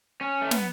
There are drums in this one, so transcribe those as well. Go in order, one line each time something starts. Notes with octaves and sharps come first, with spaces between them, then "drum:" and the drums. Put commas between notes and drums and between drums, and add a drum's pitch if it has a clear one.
C#4
A3
B3, drum: snare